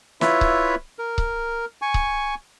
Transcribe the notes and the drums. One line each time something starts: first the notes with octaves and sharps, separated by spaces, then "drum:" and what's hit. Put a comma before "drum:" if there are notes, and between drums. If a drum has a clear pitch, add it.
E4 F4 B4 C#5 E5, drum: snare
drum: kick C#1
A#4
drum: kick C#1
G#5 C#6
drum: kick C#1